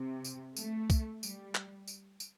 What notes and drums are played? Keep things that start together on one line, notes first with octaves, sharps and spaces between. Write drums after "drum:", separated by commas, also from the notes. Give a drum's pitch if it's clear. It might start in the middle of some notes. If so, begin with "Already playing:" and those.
Already playing: C3
drum: tambourine
A3, drum: tambourine
drum: kick C2, tambourine
G3, drum: tambourine
drum: clap
drum: tambourine
drum: tambourine